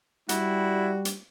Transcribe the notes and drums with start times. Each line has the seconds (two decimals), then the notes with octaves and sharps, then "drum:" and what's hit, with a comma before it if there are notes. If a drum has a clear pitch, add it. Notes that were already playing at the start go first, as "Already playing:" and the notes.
0.29 G3 E4 F#4, drum: hi-hat
1.05 drum: hi-hat